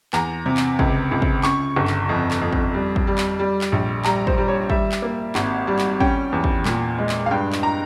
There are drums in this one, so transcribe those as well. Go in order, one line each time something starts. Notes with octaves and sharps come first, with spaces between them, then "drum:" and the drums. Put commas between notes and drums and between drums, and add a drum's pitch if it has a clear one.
E2 A#5, drum: clap
C3
drum: clap
C#2, drum: kick
C#2
drum: kick
C#3 C#6, drum: clap
G1
drum: clap
F2
drum: clap
F2
drum: kick
G3
drum: kick
G3
drum: clap
G3
drum: clap
A#1
G3 A#5, drum: clap
C5, drum: kick
G3
C#5
G3 E5, drum: kick
drum: clap
A#3
G#1, drum: clap
G3
drum: clap
C#4 G5, drum: kick
E2
drum: kick
A#2, drum: clap
G#3
drum: clap
F5
G2 G5
drum: clap
A#5